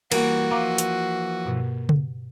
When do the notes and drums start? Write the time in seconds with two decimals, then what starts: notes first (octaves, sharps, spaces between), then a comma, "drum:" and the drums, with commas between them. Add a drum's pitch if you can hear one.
0.12 E3 G3 A#3 F#4, drum: cymbal
0.51 E3 F3 F5 A#5 D6
0.78 drum: hi-hat
1.45 G2 B2
1.89 drum: tom C#3